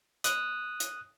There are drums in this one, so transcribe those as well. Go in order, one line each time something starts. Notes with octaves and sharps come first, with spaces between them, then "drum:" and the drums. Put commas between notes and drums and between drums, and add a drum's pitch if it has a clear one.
D#6 F#6, drum: hi-hat
drum: hi-hat